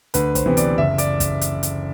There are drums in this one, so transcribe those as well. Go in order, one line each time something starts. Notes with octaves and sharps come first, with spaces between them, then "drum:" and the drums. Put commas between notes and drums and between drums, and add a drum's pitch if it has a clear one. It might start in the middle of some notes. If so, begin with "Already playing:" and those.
D2 B4, drum: hi-hat
C5, drum: kick, hi-hat
C3 E3 B3
D5, drum: hi-hat
F#1 E5
D5, drum: hi-hat
drum: kick, hi-hat
drum: hi-hat
drum: hi-hat